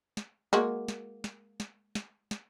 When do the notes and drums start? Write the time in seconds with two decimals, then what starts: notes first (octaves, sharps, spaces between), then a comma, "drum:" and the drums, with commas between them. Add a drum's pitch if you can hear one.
0.17 drum: snare
0.53 G#3 A#3 F#4, drum: snare
0.88 drum: snare
1.24 drum: snare
1.60 drum: snare
1.95 drum: snare
2.31 drum: snare